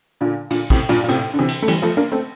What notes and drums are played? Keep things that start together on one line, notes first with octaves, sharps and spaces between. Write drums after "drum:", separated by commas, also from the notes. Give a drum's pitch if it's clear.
A#2 D3
A#2 D3, drum: cymbal
A2 C3, drum: kick, cymbal
G2 A#2, drum: cymbal
A#2
A2 C3, drum: cymbal
D3
C3 E3
drum: cymbal
A3
E3 G3, drum: cymbal
F3 A3
A#3 D4
A3 C4